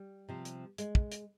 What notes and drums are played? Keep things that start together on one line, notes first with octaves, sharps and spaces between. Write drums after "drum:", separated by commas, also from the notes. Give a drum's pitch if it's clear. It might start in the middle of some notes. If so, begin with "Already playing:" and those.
Already playing: G3
C3 F3
drum: hi-hat
G#3, drum: hi-hat
drum: kick
drum: hi-hat